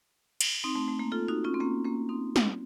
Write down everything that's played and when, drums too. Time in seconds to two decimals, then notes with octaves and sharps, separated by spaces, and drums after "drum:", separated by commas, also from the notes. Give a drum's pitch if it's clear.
0.41 drum: cymbal
0.64 C4 D#4
0.75 A3 C4
0.88 A3
0.99 A#3
1.12 F4 A4
1.28 D#4 F#4
1.44 C#4 F4
1.54 C4
1.60 A#3 C#4
1.84 A#3 C#4
2.09 C4 D#4
2.36 drum: snare